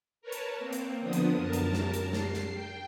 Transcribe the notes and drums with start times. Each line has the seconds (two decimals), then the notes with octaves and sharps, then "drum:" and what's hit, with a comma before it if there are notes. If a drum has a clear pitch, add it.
0.21 A#4 B4 C#5 A5
0.32 drum: hi-hat
0.58 A#3 C4
0.73 drum: hi-hat
1.01 D3 F3 B3 D4 D#6
1.13 drum: hi-hat
1.36 F#2 A#4 A5
1.53 drum: hi-hat
1.73 drum: snare
1.93 drum: hi-hat
2.13 C7, drum: snare
2.34 drum: snare
2.54 G5